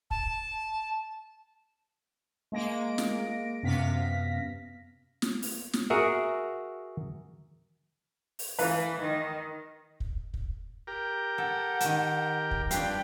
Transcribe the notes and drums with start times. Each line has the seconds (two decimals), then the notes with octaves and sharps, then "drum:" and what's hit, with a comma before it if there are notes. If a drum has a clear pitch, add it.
0.11 A5, drum: kick
2.52 G#3 A#3 A#6 D7
2.98 drum: snare
3.63 F#2 C3 B3 F5 A#6 B6
5.22 drum: snare
5.42 drum: open hi-hat
5.73 drum: snare
5.90 F#4 G#4 A#4 E5 F#5
8.39 drum: open hi-hat
8.59 E3 B4 F5, drum: open hi-hat
9.01 D#3
10.00 drum: kick
10.34 drum: kick
10.87 G4 A#4
11.38 A4 F#5
11.80 D#3 A5, drum: hi-hat
12.51 drum: kick
12.71 F2 G3 D4 B4 F5 G5, drum: hi-hat